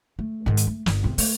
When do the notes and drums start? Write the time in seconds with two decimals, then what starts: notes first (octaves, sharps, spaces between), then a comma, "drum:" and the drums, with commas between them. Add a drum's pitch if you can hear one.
0.19 A3
0.46 G#2 D#3
0.57 drum: hi-hat
0.67 A3
0.86 G1, drum: snare
1.04 E2 C3
1.18 A3, drum: open hi-hat